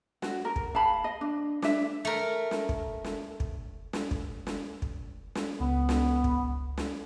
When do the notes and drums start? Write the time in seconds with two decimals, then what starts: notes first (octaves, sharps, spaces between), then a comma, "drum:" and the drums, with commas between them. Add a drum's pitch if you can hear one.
0.22 F#4, drum: snare
0.45 A#4
0.56 drum: kick
0.75 F5 A5 B5
1.04 D#5
1.21 D4
1.62 D4 E5, drum: snare
2.05 A3 A#4
2.51 drum: snare
2.69 drum: kick
3.04 drum: snare
3.40 drum: kick
3.93 drum: snare
4.11 drum: kick
4.47 drum: snare
4.82 drum: kick
5.35 drum: snare
5.60 C#2 B3
5.89 drum: snare
6.24 drum: kick
6.77 drum: snare